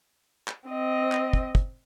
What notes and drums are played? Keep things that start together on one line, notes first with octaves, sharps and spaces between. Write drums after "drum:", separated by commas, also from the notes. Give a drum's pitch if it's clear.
drum: clap
C4 D#5
drum: clap
drum: kick
drum: kick